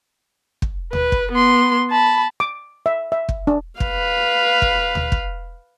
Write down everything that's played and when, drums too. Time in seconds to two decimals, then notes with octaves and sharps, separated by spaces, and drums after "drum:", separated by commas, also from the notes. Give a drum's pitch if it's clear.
0.62 drum: kick
0.93 B4, drum: tom D2
1.12 drum: kick
1.32 B3 C6
1.91 A5 B5
2.40 D6
2.86 E5
3.12 E5
3.29 drum: kick
3.47 D4
3.80 B4 F5, drum: kick
4.62 drum: kick
4.95 drum: tom D2
5.12 drum: kick